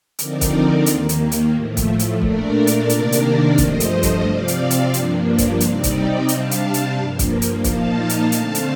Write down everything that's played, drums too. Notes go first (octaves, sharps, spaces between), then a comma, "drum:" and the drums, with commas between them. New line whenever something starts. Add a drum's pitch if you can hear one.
D3 F3 C4 D#4 A#4 D5, drum: hi-hat
drum: kick, hi-hat
D#2 D#3 A#3, drum: hi-hat
drum: hi-hat
drum: hi-hat
A2 F3 A3
drum: kick, hi-hat
drum: hi-hat
A#2 A3 D4 A#4 D5, drum: kick
drum: hi-hat
C3 D#3 A#3 D4 A#4 D5, drum: hi-hat
drum: hi-hat
G2 F3 A3 C5 D#5, drum: kick, hi-hat
drum: hi-hat
drum: kick, hi-hat
C3 F3 C4 D5 F5
drum: hi-hat
drum: hi-hat
G2 F3 A#3 D4, drum: hi-hat
drum: kick, hi-hat
C3 G3 C4 D#4 D5 F5, drum: hi-hat
drum: kick, hi-hat
D#5 G5
C3 G3 D4 F5 A5, drum: hi-hat
drum: hi-hat
drum: hi-hat
G2 F3 A#3
drum: kick, hi-hat
drum: hi-hat
A#2 F3 A#3 D#4 F5 A5, drum: kick, hi-hat
drum: hi-hat
D3 A3 C4 F5 A5, drum: hi-hat
drum: hi-hat